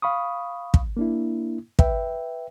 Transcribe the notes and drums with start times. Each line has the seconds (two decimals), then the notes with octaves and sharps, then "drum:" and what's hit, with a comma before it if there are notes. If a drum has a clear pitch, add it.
0.02 F5 B5 C#6 D#6
0.74 drum: kick
0.97 A#3 D4 E4
1.79 B4 E5 G5, drum: kick